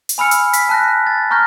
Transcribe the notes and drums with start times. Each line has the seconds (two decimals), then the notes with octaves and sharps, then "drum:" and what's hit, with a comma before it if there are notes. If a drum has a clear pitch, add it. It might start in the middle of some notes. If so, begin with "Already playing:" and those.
0.09 drum: hi-hat
0.18 G#5 B5 E6 F6 C#7
0.31 drum: hi-hat
0.53 B6, drum: hi-hat
0.69 A5 F#6 A#6
1.07 A6
1.31 A#5 C#6 F6 G6 A#6